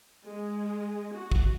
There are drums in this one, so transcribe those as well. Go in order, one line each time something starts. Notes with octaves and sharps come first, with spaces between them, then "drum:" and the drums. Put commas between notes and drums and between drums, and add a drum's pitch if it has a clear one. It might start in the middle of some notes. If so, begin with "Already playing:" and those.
G#3
F#4
drum: kick